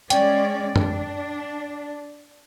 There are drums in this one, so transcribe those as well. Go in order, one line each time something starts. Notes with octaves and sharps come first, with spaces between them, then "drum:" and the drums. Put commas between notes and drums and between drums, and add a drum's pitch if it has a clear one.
G#3 C#4 D5 G5, drum: hi-hat
D4, drum: tom F#2